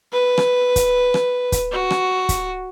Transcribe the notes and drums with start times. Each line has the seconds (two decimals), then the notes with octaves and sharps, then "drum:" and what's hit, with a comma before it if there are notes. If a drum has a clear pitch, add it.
0.12 B4
0.38 drum: rim click
0.76 drum: kick, hi-hat
1.14 drum: rim click
1.52 drum: kick, hi-hat
1.71 F#4
1.91 drum: rim click
2.29 drum: kick, hi-hat